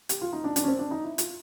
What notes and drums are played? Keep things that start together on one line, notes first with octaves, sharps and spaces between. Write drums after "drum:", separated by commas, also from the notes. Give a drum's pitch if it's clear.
G4, drum: hi-hat
F4
D#4
D4
D4, drum: hi-hat
C#4
C4
D4
D#4
E4
F4, drum: hi-hat